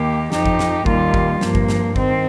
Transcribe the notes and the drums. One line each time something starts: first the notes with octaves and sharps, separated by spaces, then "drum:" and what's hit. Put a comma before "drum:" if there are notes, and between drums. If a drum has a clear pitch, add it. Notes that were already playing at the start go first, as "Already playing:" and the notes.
Already playing: D#2 D#3 A#3 G4
F2 F3 D#4 G4, drum: snare
drum: kick G1
drum: snare
D#2 D#3 G3 A#3 F4, drum: kick G1
drum: kick G1
G2 F3 A#3, drum: snare
drum: kick G1
drum: snare
D#3 C4, drum: kick G1